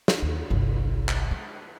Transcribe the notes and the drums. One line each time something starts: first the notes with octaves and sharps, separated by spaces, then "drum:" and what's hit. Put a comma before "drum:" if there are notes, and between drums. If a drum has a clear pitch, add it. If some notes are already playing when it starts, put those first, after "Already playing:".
drum: snare
D#2
G1 C2
drum: clap
G#3